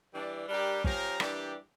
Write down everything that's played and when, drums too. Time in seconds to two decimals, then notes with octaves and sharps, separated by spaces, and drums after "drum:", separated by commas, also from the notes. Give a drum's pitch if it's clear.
0.13 E3 G3 D4
0.48 G3 D4 G4 A#4
0.84 F3 C#4 G4 A#4, drum: kick
1.20 E3 G3 D4 G4 A#4, drum: rim click